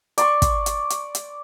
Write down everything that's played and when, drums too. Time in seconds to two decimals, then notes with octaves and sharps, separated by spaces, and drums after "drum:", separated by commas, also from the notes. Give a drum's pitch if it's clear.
0.18 D5 C6 C#6, drum: hi-hat
0.42 drum: kick, hi-hat
0.66 drum: hi-hat
0.90 drum: hi-hat
1.15 drum: hi-hat